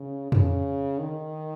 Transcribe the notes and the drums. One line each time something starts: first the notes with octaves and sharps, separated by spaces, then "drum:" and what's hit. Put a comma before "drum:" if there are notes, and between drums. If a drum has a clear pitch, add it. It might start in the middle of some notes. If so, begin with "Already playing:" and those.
Already playing: C#3
C#3, drum: tom F2
D#3